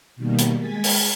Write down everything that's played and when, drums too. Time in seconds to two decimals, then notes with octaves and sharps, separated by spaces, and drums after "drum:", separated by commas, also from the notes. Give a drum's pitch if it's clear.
0.16 B2 D#3 G3 A#3
0.39 drum: hi-hat
0.59 G#3 G#5 G#6 A6 B6
0.84 drum: open hi-hat